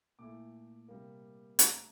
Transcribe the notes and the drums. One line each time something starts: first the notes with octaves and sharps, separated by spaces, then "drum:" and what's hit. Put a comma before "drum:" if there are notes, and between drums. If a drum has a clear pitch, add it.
A#2 A3 E4 D6
C3 G3 A#3
D3 A3 D4 A#5, drum: hi-hat